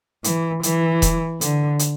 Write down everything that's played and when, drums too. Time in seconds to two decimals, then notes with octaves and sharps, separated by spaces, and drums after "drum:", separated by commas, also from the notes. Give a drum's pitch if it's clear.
0.24 E3, drum: hi-hat
0.63 E3, drum: hi-hat
1.02 drum: kick E1, hi-hat
1.41 D3, drum: hi-hat
1.79 drum: hi-hat